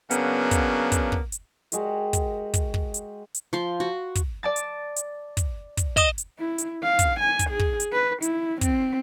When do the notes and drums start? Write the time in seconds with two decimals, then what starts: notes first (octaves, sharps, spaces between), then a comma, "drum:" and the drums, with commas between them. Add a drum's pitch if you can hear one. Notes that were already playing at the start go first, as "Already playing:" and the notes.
0.11 C#3 F#3 A#3 B3 D4, drum: hi-hat
0.51 drum: kick, hi-hat
0.92 drum: kick, hi-hat
1.12 drum: kick
1.32 drum: hi-hat
1.72 G#3 F#4 G4 A#4, drum: hi-hat
2.13 drum: kick, hi-hat
2.54 drum: kick, hi-hat
2.74 drum: kick
2.94 drum: hi-hat
3.34 drum: hi-hat
3.53 F3 C6
3.80 F#4
4.15 drum: kick, hi-hat
4.43 D5 A5 A6
4.56 drum: hi-hat
4.96 drum: hi-hat
5.37 drum: kick, hi-hat
5.77 drum: kick, hi-hat
5.97 D#5 D#6 E7 G7, drum: kick
6.18 drum: hi-hat
6.39 E4
6.58 drum: hi-hat
6.83 F5
6.99 drum: kick, hi-hat
7.20 G#5
7.39 drum: kick, hi-hat
7.50 G#4
7.59 drum: kick
7.80 drum: hi-hat
7.92 B4
8.22 E4, drum: hi-hat
8.61 C4, drum: kick, hi-hat